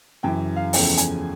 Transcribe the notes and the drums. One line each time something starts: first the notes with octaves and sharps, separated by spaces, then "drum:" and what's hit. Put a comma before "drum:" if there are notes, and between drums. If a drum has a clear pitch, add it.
F#2 C#3 E3 G5
F5
E2 C#3 F3 A3 G5, drum: open hi-hat
G#5, drum: hi-hat